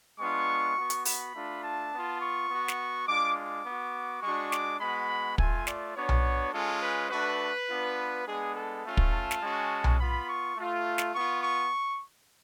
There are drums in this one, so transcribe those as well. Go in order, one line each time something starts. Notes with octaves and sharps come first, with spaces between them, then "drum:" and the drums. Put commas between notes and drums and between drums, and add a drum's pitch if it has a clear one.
G#3 B3 D4 F4 C#6
B3 F#4
drum: hi-hat
B5, drum: open hi-hat
A3 D4 F4
A5
B3 F4
C#6
B3 F#4
drum: snare
G#3 D4 F4 D6
D6
B3 F#4
G#3 D4 F#4 C#6
D6, drum: snare
G#3 B3 F#4 B5
A3 F4 G#5, drum: kick
D5, drum: snare
B3 D4 F#4 C#5
drum: tom B1
G#3 C#4 F4 A4
B4
A3 D4 F#4 B4
B3 D4 F4
G#3 B3 D4 G#4
A4
A3 C#4 F4
drum: kick
A5
drum: snare
G#3 C#4 F#4
drum: tom B1
B3 F4 B5
C#6
A3 F4
drum: snare
B3 F4 C#6
C#6